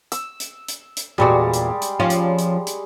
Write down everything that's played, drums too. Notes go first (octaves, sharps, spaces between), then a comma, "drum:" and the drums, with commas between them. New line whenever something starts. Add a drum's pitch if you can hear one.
E6, drum: hi-hat
drum: hi-hat
drum: hi-hat
drum: hi-hat
E2 A#2 G3 G#3 F#4 D5
drum: hi-hat
drum: hi-hat
F3 C#4 F4
drum: hi-hat
drum: hi-hat
drum: hi-hat